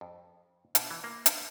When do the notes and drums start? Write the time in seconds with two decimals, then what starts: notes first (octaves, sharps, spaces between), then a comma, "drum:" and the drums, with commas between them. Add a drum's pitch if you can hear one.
0.01 F2
0.75 B2, drum: hi-hat
0.91 E3
1.04 A#3
1.26 drum: hi-hat